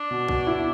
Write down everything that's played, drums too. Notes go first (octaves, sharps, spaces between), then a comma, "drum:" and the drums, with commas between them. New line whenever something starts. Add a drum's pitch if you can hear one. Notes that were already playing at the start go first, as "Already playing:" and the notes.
Already playing: D4
B2
B2, drum: kick
E4